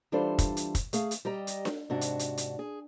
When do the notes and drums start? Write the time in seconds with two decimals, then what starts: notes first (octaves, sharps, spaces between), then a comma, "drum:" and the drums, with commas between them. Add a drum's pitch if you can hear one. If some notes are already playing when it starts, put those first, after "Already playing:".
0.12 E3 G3 D4 F4 A4 C5
0.39 drum: kick, hi-hat
0.57 drum: hi-hat
0.75 drum: kick, hi-hat
0.93 A3 G#4 F5, drum: hi-hat
1.11 drum: hi-hat
1.25 G3 G4 D#5 A#5
1.47 drum: hi-hat
1.65 drum: snare D4
1.90 G#2 C3 D4 F#4
2.01 drum: hi-hat
2.19 drum: hi-hat
2.37 drum: hi-hat
2.59 G#4